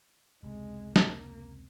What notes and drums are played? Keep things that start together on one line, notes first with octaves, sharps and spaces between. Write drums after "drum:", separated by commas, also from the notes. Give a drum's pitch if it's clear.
F1 C#2 C3 G#3
A#3, drum: snare